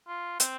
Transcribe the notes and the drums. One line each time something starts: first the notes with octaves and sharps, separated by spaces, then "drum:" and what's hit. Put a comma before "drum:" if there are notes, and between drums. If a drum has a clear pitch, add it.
F4
C4, drum: hi-hat